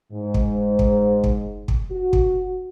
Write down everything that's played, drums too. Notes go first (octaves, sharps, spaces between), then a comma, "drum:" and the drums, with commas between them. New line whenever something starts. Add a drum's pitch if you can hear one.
G#2
drum: kick
drum: kick
drum: kick
drum: kick
F#4
drum: kick